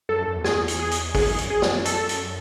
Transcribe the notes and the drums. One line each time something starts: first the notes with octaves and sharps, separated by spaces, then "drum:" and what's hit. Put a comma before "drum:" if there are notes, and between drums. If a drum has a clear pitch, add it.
F#2 A4
F#2
E2
G#4, drum: snare
E2
drum: hi-hat
G#4
drum: hi-hat
F#2 G#4, drum: kick, open hi-hat
drum: hi-hat
G#4
drum: snare
A4, drum: hi-hat
drum: hi-hat